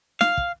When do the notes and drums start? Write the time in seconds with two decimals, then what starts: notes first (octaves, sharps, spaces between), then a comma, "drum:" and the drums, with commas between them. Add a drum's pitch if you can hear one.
0.21 F5, drum: snare
0.37 drum: kick